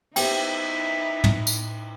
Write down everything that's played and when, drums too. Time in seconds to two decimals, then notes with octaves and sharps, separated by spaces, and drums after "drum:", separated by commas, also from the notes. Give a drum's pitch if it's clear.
0.16 B3 D#4 E4 G4 B4 C5 E5 G5, drum: cymbal
1.24 drum: tom
1.47 drum: tambourine